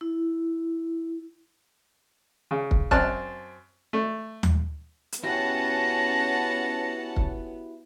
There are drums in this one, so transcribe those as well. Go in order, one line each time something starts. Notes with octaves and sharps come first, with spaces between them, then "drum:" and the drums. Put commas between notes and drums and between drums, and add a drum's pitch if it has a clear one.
E4
C#3
drum: kick
F#2 C4 A5 F6 F#6, drum: kick
A3
drum: tom D#2
drum: hi-hat
B3 C#4 E4 F#4 G4 F#5 A5 A#6
drum: kick